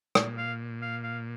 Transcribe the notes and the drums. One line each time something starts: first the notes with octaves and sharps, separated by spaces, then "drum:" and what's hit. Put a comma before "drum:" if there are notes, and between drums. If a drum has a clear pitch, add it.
A#2, drum: rim click
F5
F5
F5